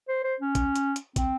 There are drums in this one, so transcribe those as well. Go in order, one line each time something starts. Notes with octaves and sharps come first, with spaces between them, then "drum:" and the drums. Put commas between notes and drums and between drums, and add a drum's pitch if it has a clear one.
C5
C5
C#4
drum: kick, hi-hat
drum: hi-hat
drum: hi-hat
C4, drum: kick, hi-hat